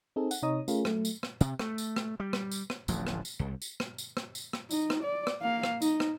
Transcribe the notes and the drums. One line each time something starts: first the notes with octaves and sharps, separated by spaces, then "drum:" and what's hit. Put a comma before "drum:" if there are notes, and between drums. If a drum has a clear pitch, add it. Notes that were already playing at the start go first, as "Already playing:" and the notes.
C4 D#4 G#4 A4
F#5, drum: tambourine
C3 D#4 C#5 D#5 A#5 D#6
A3 C#4 F4 G#4 A#4, drum: tambourine
F#3 A3, drum: rim click
drum: tambourine
drum: rim click
C3, drum: tambourine
A3, drum: rim click
drum: tambourine
drum: rim click
G3
drum: rim click
drum: tambourine
drum: rim click
D1 A1 F2 F3, drum: tambourine
drum: rim click
drum: tambourine
C2
drum: tambourine
drum: rim click
drum: tambourine
drum: rim click
drum: tambourine
drum: rim click
D#4, drum: tambourine
drum: rim click
D5
drum: rim click
A#3 F5
drum: rim click
D#4, drum: tambourine
drum: rim click